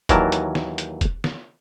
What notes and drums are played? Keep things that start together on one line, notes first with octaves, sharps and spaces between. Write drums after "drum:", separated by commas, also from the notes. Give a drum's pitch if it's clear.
D#2 E3 F#3 A#4 D5 A5, drum: kick, hi-hat
drum: hi-hat
drum: snare
drum: hi-hat
drum: kick, hi-hat
drum: snare